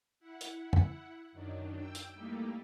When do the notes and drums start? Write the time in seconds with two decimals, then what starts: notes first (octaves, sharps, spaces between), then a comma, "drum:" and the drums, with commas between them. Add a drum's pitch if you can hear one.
0.20 E4 F#5
0.41 drum: hi-hat
0.73 drum: tom F2
1.32 F#2 D#3 F#3 D4 D#4
1.78 G5 E6
1.95 drum: hi-hat
2.13 G3 A3 A#3 D#4 E4 G4